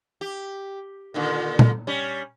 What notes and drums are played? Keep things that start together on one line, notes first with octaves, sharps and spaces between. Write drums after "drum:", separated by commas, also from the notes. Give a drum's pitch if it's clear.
G4
A#2 D3 D#3
drum: tom A#2
G3 C#4